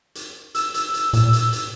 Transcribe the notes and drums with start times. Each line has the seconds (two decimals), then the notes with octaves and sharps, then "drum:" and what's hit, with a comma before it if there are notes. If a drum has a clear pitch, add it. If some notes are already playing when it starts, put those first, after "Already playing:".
0.15 drum: hi-hat
0.55 E6, drum: hi-hat
0.74 drum: hi-hat
0.94 drum: hi-hat
1.13 A#2, drum: hi-hat
1.33 drum: hi-hat
1.53 drum: hi-hat